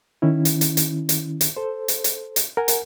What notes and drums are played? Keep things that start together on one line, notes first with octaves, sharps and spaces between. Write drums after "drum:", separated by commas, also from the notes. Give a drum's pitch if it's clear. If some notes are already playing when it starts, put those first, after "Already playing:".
D#3 C#4 E4
drum: hi-hat
drum: hi-hat
drum: hi-hat
drum: hi-hat
drum: hi-hat
A4 C5
drum: hi-hat
drum: hi-hat
drum: hi-hat
A#4 F#5 G#5
drum: hi-hat